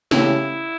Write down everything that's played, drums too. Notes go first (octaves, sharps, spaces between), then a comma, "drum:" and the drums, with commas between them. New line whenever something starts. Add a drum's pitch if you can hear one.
C#3 E3 A3 C#4 E4 G4, drum: snare